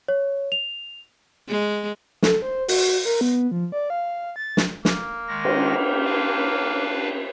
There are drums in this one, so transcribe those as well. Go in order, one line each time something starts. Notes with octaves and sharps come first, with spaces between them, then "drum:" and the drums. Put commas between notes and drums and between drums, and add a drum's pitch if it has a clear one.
C#5
F7
G#3
A4, drum: snare
C5
F#4, drum: open hi-hat
A#4
B3
F3
D5
F5
A6
drum: snare
A#3, drum: snare
D#3 G#3 A#6
drum: cymbal
D4 B4 F5